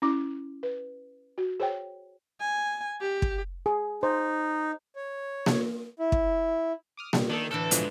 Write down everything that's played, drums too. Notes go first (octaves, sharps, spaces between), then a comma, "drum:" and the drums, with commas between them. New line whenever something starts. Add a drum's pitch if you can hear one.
C#4 E4 D6
B4
F#4
G#4 C5 C#5 G5
G#5
G4
drum: kick
G#4
D#4 C5
C#5
drum: snare A#3
E4
drum: kick
D6 D#6 F6
A#2 G3, drum: snare A#3
D#3 A3 D4 A4
A2 D3 E3 A4 D6 E6 G6
G#2 B2 F3 C#4 D4 G#4, drum: hi-hat